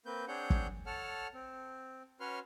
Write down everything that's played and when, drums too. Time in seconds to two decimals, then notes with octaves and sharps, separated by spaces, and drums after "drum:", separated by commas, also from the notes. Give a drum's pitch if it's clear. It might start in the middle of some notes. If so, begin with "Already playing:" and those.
0.06 A#3 C4 B4 G6
0.28 C4 D4 G#4 C#5 F#5 G6
0.50 drum: kick
0.86 A4 C#5 F#5 A5 F6
1.34 C4
2.20 C#4 F#4 B4 C#5 C6 F6